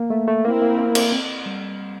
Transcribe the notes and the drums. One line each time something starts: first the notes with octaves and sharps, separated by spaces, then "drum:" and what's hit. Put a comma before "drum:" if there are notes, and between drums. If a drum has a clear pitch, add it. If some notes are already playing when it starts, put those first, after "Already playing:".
Already playing: A#3
A3
A3
A#3 C4 E4 A#4
A#3
A#3
A#3, drum: cymbal
C4
G3